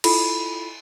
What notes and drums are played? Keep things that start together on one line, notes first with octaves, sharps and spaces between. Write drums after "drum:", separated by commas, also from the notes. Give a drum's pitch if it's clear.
E4 F4 A4 B5, drum: cymbal